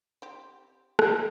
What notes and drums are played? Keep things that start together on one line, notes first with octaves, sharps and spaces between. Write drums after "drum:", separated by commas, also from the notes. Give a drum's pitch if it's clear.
C4 G4
drum: rim click